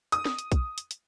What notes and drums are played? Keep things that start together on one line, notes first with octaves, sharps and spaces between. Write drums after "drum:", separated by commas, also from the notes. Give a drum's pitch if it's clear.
D#6, drum: hi-hat
drum: snare
drum: hi-hat
drum: kick B1, hi-hat
drum: hi-hat
drum: hi-hat